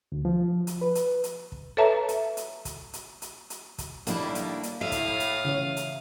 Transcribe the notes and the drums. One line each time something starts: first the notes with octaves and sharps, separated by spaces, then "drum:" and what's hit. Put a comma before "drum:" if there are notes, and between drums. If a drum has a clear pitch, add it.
D2
F3
drum: hi-hat
B4
drum: hi-hat
drum: hi-hat
drum: kick
A4 B4 C#5 E5 A5 A#5
drum: hi-hat
drum: hi-hat
drum: kick, hi-hat
drum: hi-hat
drum: hi-hat
drum: hi-hat
drum: kick, hi-hat
A2 D#3 G3 A#3 D4 E4, drum: hi-hat
drum: hi-hat
drum: hi-hat
A2 E5 F5 D#6
drum: kick, hi-hat
drum: hi-hat
C#3 E3 C#5
drum: hi-hat